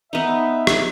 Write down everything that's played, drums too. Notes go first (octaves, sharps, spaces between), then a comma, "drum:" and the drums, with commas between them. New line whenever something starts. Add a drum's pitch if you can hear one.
B3 D#4 E5
drum: rim click